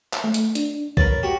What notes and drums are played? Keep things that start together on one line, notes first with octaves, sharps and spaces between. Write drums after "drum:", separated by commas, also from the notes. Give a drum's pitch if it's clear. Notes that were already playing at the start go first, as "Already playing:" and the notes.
drum: clap
A3
drum: hi-hat
D4, drum: hi-hat
A#4 B4 C#5 A6, drum: kick A#1
F#4 G4